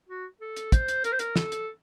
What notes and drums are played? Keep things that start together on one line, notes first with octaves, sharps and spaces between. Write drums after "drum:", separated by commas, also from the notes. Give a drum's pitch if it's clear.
F#4
A4
drum: hi-hat
C5, drum: kick, hi-hat
drum: hi-hat
A#4, drum: hi-hat
C5
A#4, drum: hi-hat
A4, drum: snare
drum: hi-hat